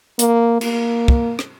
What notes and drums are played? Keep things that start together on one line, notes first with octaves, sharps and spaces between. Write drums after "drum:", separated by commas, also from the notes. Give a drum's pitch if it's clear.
A#3, drum: hi-hat
A#3, drum: cymbal
drum: kick
drum: rim click